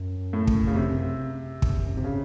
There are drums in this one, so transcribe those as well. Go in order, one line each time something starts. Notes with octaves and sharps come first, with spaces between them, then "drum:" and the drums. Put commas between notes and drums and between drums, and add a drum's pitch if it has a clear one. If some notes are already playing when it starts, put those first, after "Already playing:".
Already playing: F#2
A2
drum: kick
C#3
C3
F#2, drum: kick
E2
F#2
G#2
C3
C#3